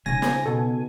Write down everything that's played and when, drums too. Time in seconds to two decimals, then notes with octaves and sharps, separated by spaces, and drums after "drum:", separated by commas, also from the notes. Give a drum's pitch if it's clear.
0.06 C#3 D#4 G#5 A#6
0.22 drum: snare
0.46 B2 A4